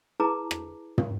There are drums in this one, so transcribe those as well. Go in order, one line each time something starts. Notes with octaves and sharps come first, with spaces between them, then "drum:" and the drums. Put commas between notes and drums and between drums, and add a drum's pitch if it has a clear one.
E4 G#4 B4 A5 A#5 D6
drum: rim click
drum: tom